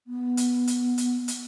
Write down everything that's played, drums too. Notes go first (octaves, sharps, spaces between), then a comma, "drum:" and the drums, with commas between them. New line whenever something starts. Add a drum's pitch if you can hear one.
B3
drum: hi-hat
drum: hi-hat
drum: hi-hat
drum: hi-hat